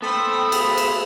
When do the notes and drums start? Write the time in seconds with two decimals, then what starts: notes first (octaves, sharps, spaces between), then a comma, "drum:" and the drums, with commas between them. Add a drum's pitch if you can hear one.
0.02 B3 A4 C5 G5 B5 D#6 E6
0.52 G#4, drum: cymbal
0.78 drum: cymbal